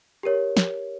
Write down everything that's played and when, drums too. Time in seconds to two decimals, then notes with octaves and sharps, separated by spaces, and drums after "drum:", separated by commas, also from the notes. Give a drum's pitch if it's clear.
0.23 G4 A#4 C#5
0.57 drum: snare